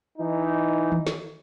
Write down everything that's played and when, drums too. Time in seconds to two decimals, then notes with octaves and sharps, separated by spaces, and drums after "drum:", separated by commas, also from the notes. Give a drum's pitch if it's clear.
0.18 E3 D#4
0.92 drum: tom D#3
1.07 drum: snare